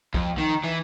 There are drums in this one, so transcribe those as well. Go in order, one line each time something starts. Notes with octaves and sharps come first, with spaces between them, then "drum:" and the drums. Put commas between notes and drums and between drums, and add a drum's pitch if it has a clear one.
F2, drum: kick
D#3
E3